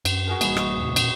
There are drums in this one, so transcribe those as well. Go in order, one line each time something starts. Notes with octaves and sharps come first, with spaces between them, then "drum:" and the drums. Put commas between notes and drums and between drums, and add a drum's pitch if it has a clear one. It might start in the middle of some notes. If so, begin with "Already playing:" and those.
F#2, drum: cymbal
F#4 G#4 A#4
A1 G3 A#3 D#4 G#5 B5, drum: cymbal
D#5 B5 C#6, drum: rim click
D#2 A2 C3
E1 A#2, drum: cymbal